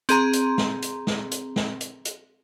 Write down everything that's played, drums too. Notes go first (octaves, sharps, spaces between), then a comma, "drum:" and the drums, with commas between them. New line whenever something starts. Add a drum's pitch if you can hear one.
C4 G#4 A#5 C6, drum: hi-hat
drum: hi-hat
drum: snare
drum: hi-hat
drum: snare
drum: hi-hat
drum: snare
drum: hi-hat
drum: hi-hat